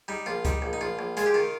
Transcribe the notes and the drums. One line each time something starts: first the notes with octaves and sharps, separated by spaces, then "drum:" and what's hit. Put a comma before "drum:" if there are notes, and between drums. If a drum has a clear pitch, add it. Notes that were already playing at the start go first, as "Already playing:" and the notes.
G3 D#4
A#1 F4
G3 D#4, drum: kick C#2, hi-hat
A#1
D#4
A#1 F4
A#1
G#3 F4, drum: hi-hat
G4
D#3 F4